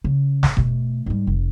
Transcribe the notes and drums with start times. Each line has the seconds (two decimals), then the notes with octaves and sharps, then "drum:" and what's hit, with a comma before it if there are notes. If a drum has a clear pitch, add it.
0.04 C#3
0.43 drum: snare
0.57 B2 A3, drum: kick E1
1.06 G#2 G3
1.27 F1